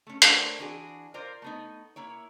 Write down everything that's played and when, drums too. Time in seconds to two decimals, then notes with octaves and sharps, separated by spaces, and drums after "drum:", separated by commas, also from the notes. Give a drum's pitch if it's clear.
0.07 A3 C#4
0.22 A3 D4 A#4 C5, drum: hi-hat
0.58 E3 D4 F#4 G#4
1.14 F4 A#4 C5 D5
1.42 A3 B3 D#4
1.96 A#3 E4 C#5